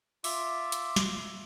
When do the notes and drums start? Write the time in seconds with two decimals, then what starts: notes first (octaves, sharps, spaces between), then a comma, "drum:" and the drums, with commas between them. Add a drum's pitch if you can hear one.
0.24 F4 E5 D6, drum: open hi-hat
0.72 drum: hi-hat
0.96 drum: snare